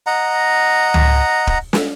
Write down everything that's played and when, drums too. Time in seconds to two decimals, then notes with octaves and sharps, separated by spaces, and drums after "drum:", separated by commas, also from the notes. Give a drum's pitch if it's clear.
0.07 D#5 F#5 A#5
0.94 drum: tom C#2
1.47 drum: kick
1.73 drum: snare